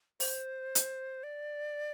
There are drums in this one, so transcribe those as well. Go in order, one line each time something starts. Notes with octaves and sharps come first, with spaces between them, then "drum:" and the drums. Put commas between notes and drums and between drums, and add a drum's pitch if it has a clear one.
C5, drum: open hi-hat
drum: hi-hat
D5